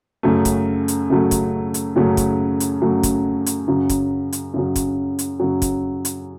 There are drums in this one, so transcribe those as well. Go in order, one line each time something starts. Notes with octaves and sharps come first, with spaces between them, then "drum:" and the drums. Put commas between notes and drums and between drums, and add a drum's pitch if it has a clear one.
F#2 C#3 F#3 A3
drum: kick, hi-hat
drum: hi-hat
F#2 C#3 F#3 A3
drum: kick, hi-hat
drum: hi-hat
F#2 C#3 F#3 A3
drum: kick, hi-hat
drum: hi-hat
F#2 C#3 F#3 A3
drum: kick, hi-hat
drum: hi-hat
F#2 C#3 F#3
drum: kick, hi-hat
drum: hi-hat
F#2 C#3 F#3
drum: kick, hi-hat
drum: hi-hat
F#2 C#3 F#3
drum: kick, hi-hat
drum: hi-hat